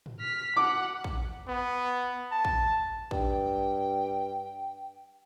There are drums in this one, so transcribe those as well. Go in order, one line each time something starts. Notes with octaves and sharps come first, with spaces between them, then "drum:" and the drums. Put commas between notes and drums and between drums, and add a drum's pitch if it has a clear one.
drum: tom
F6 B6
F#5 D6
drum: kick
B3
A5
drum: kick
G2 G5, drum: kick